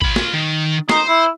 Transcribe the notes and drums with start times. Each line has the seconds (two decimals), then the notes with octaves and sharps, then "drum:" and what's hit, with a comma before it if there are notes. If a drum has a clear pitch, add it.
0.02 F4 B5, drum: kick A1
0.16 drum: snare
0.34 D#3
0.89 D#4 C5, drum: snare
1.09 E4